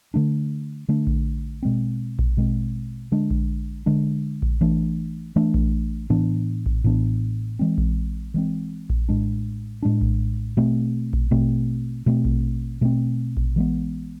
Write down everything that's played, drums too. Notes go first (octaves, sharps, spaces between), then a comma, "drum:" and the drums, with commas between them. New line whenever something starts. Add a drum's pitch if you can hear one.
D3 A3 D4
D3 A3 D4
drum: kick A#1
B2 G#3 C4
drum: kick A#1
B2 G#3 C4
D3 G#3 D4
drum: kick A#1
D3 G#3 D4
drum: kick A#1
E3 A3 D4
E3 A3 D4
drum: kick A#1
A2 E3 B3 D4
drum: kick A#1
A2 E3 B3 D4
E3 G#3 C4
drum: kick A#1
E3 G#3 C4
drum: kick A#1
A2 G#3 D4
A2 G#3 D4
drum: kick A#1
B2 A3 C4
drum: kick A#1
B2 A3 C4
B2 A3 C4
drum: kick A#1
B2 A3 C4
drum: kick A#1
E3 G#3 B3